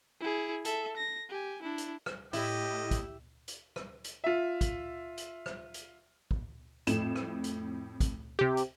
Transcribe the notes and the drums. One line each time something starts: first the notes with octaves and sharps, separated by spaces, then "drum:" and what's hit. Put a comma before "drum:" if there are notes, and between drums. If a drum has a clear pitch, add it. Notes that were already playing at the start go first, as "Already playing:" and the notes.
E4 G#4
A4 E5, drum: hi-hat
A#6
G4 G#5
D4 E4
drum: hi-hat
drum: rim click
A2 E4 G4 D#5, drum: hi-hat
drum: kick, hi-hat
drum: hi-hat
drum: rim click
drum: hi-hat
F4 E5
drum: kick, hi-hat
drum: hi-hat
drum: rim click
drum: hi-hat
drum: kick
F2 A2 E7, drum: hi-hat
drum: rim click
drum: hi-hat
drum: kick, hi-hat
C3 G4
drum: hi-hat